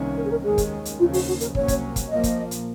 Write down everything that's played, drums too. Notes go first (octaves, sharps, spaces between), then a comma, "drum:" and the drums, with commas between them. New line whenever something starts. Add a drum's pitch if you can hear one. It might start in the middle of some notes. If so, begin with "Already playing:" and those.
Already playing: C2 C3 D#3 A#3 C#4
A#4
G#4
A#4
D#2 D#3 G#3 C#4 G#4
drum: kick, hi-hat
drum: hi-hat
D#2 C#3 F3 F4
F#4, drum: open hi-hat
F#4
A#4, drum: hi-hat
C2 C3 F#3 A#3 C#4 C#5, drum: kick
drum: kick, hi-hat
drum: kick, hi-hat
A#1 A#2 F3 A#3 D#5
drum: kick, hi-hat
drum: hi-hat